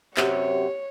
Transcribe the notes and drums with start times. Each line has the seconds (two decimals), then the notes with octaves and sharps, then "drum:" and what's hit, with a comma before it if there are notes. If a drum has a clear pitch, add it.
0.17 F#2 C3 C#5, drum: clap